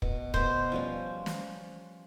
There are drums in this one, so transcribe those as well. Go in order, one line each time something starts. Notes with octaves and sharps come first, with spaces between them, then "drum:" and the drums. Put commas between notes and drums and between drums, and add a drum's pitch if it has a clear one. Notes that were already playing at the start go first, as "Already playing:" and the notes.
B2, drum: kick
B2 C5 E5, drum: kick
F3 G3 C#4
drum: snare